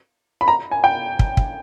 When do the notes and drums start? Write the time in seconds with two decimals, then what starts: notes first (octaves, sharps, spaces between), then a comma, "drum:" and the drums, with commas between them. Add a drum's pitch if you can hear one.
0.41 B5
0.48 A#5
0.71 G#5
0.84 G5
1.19 drum: kick
1.37 drum: kick